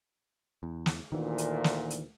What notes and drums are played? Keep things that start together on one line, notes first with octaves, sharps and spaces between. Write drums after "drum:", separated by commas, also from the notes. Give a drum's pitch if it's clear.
E2
drum: snare
D2 A#2 D#3 E3
drum: hi-hat
drum: snare
drum: hi-hat